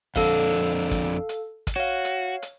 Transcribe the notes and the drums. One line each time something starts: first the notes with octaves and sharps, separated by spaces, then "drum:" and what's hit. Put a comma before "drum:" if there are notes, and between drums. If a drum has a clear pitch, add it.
F2 D3 D4 A4 F5, drum: kick, hi-hat
drum: kick, hi-hat
drum: hi-hat
drum: kick, hi-hat
F#4 C#5 F5
drum: hi-hat
drum: hi-hat